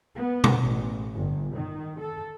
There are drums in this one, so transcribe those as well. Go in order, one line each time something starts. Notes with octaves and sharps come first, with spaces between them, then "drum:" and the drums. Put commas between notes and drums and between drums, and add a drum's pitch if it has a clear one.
B3
drum: tom B2
A1
G1
D#3
A4